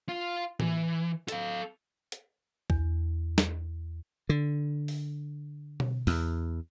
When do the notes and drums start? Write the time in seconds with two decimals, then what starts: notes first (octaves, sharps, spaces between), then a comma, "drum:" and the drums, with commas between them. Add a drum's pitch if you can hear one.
0.09 F4 F5
0.60 E3, drum: tom A2
1.28 A4 F5, drum: hi-hat
2.12 drum: hi-hat
2.70 E2, drum: kick C2
3.38 drum: snare
4.29 D3
4.88 drum: open hi-hat
5.80 drum: tom B2
6.07 E2, drum: open hi-hat